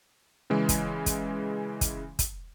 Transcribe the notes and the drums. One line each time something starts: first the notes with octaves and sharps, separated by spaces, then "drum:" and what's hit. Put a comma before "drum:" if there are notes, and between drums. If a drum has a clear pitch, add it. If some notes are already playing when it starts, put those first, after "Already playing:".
C#3 E3 G#3
drum: kick, hi-hat
drum: kick, hi-hat
drum: kick, hi-hat
drum: kick, hi-hat